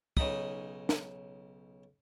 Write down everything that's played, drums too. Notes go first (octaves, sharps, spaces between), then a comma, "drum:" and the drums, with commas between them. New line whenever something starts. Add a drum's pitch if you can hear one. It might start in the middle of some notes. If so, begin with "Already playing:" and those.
B1 C#3 D#4 B5 D#6, drum: kick
drum: snare